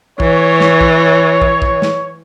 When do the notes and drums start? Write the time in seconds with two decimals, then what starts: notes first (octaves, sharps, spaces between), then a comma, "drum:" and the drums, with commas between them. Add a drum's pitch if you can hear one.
0.20 E3 C#5, drum: kick
0.60 drum: snare
0.81 drum: kick
1.42 drum: kick
1.62 drum: kick
1.82 drum: snare